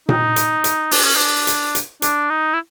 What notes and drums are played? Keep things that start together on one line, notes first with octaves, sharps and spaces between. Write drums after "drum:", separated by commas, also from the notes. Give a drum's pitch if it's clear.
D#4, drum: tom A#2
drum: hi-hat
drum: hi-hat
D4, drum: open hi-hat
C#4
D4
drum: hi-hat
drum: hi-hat
D4, drum: hi-hat
D#4
E4